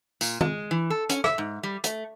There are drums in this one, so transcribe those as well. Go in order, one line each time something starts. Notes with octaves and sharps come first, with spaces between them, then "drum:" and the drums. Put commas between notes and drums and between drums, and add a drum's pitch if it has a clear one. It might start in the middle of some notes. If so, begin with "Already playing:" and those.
A#2, drum: tambourine
G#3, drum: tom
E3
A4
C#4, drum: hi-hat
E5, drum: rim click
G#2
G3
A3, drum: hi-hat